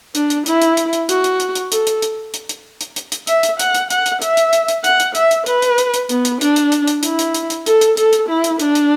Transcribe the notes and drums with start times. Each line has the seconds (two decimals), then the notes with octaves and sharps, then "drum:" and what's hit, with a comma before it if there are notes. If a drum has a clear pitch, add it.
0.15 D4, drum: hi-hat
0.30 drum: hi-hat
0.46 E4, drum: hi-hat
0.62 drum: hi-hat
0.77 drum: hi-hat
0.93 drum: hi-hat
1.09 F#4, drum: hi-hat
1.24 drum: hi-hat
1.40 drum: hi-hat
1.55 drum: hi-hat
1.72 A4, drum: hi-hat
1.87 drum: hi-hat
2.02 drum: hi-hat
2.34 drum: hi-hat
2.49 drum: hi-hat
2.81 drum: hi-hat
2.96 drum: hi-hat
3.12 drum: hi-hat
3.27 E5, drum: hi-hat
3.43 drum: hi-hat
3.59 F#5, drum: hi-hat
3.75 drum: hi-hat
3.90 F#5, drum: hi-hat
4.06 drum: hi-hat
4.22 E5, drum: hi-hat
4.37 drum: hi-hat
4.53 drum: hi-hat
4.68 drum: hi-hat
4.84 F#5, drum: hi-hat
5.00 drum: hi-hat
5.15 E5, drum: hi-hat
5.31 drum: hi-hat
5.46 B4, drum: hi-hat
5.62 drum: hi-hat
5.78 drum: hi-hat
5.94 drum: hi-hat
6.09 B3, drum: hi-hat
6.25 drum: hi-hat
6.41 D4, drum: hi-hat
6.56 drum: hi-hat
6.72 drum: hi-hat
6.88 drum: hi-hat
7.03 E4, drum: hi-hat
7.19 drum: hi-hat
7.34 drum: hi-hat
7.50 drum: hi-hat
7.66 A4, drum: hi-hat
7.81 drum: hi-hat
7.97 A4, drum: hi-hat
8.13 drum: hi-hat
8.29 E4
8.44 drum: hi-hat
8.59 D4, drum: hi-hat
8.75 drum: hi-hat